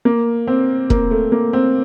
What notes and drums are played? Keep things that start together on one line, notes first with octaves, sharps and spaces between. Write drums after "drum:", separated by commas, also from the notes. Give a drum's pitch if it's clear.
A#3
C4
A#3, drum: kick
A3
A#3
C4